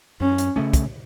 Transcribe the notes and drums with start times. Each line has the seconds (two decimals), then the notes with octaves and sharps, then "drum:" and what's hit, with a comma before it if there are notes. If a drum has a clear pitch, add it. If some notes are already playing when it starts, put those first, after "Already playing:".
0.20 F#2 C#4
0.38 drum: hi-hat
0.56 C#3 A3 C#4
0.73 drum: kick, hi-hat